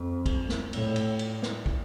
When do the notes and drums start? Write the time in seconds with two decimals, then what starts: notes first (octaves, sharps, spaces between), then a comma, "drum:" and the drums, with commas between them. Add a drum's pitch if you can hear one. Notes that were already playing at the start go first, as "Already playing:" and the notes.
Already playing: F2
0.26 drum: kick, cymbal
0.49 drum: snare
0.73 A2, drum: cymbal
0.96 drum: cymbal
1.19 drum: cymbal
1.43 drum: snare
1.66 drum: kick